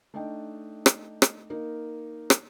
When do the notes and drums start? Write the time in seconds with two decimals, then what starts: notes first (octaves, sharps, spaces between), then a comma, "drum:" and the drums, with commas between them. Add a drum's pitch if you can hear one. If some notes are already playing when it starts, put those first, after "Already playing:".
0.14 A3 D4 D#4 D#5 G5
0.86 drum: rim click
1.22 drum: rim click
1.50 A#3 D#4 A#4
2.30 drum: rim click